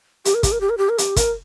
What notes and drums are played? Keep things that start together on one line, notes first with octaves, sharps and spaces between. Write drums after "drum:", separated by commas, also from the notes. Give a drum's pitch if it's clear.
G4, drum: hi-hat
A#4
G4, drum: kick, hi-hat
A#4
G4
A#4
G4
A#4
G4, drum: hi-hat
A#4, drum: kick, hi-hat